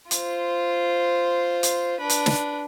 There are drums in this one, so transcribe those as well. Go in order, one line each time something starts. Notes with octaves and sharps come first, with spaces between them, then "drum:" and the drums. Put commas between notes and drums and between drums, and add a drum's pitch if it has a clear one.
F4 C5, drum: hi-hat
drum: hi-hat
D4 B4
drum: hi-hat
drum: snare